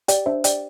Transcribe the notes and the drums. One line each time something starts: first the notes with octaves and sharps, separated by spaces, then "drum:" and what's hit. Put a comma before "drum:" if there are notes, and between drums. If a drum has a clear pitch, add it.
G4 D5 G5, drum: hi-hat
D4 C5 E5
G4 D5 G5, drum: hi-hat